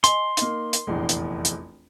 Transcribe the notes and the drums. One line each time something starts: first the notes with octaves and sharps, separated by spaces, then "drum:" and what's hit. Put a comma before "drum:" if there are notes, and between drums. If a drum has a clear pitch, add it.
D#5 G#5 C6, drum: hi-hat
A#3 D#4, drum: hi-hat
drum: hi-hat
F1 A#1 E2
drum: hi-hat
drum: hi-hat